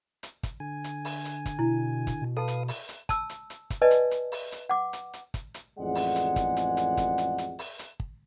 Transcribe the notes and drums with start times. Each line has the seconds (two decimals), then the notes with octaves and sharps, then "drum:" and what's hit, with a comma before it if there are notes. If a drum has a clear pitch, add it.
0.23 drum: hi-hat
0.43 drum: kick, hi-hat
0.60 D3 G#5
0.84 drum: hi-hat
1.05 drum: open hi-hat
1.25 drum: hi-hat
1.46 drum: kick, hi-hat
1.59 B2 E4
2.07 drum: kick, hi-hat
2.21 B2
2.37 A4 B4 F5 A5 D#6
2.48 drum: hi-hat
2.68 drum: open hi-hat
2.89 drum: hi-hat
3.09 A5 E6, drum: kick, hi-hat
3.30 drum: hi-hat
3.50 drum: hi-hat
3.70 drum: kick, hi-hat
3.82 B4 D5 D#5 G#5 A5
3.91 drum: hi-hat
4.11 drum: hi-hat
4.32 drum: open hi-hat
4.52 drum: hi-hat
4.69 F#5 D6
4.93 drum: hi-hat
5.13 drum: hi-hat
5.34 drum: kick, hi-hat
5.54 drum: hi-hat
5.79 A1 F2 G#3 G#4 D5 F#5
5.95 drum: open hi-hat
6.16 drum: hi-hat
6.36 drum: kick, hi-hat
6.57 drum: hi-hat
6.77 drum: hi-hat
6.97 drum: kick, hi-hat
7.18 drum: hi-hat
7.38 drum: hi-hat
7.59 drum: open hi-hat
7.79 drum: hi-hat
8.00 drum: kick